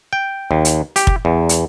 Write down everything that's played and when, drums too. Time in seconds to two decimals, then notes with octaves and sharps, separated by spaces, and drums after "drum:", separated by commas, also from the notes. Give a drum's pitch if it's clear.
0.13 G5
0.51 D#2
0.65 drum: hi-hat
0.96 G4, drum: hi-hat
1.07 drum: kick
1.25 E2
1.49 drum: hi-hat